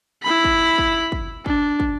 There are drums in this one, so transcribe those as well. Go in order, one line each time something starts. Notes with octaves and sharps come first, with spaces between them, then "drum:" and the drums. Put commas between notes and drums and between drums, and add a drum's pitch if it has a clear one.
E4 B5
drum: kick
drum: kick
drum: kick
D4, drum: kick
drum: kick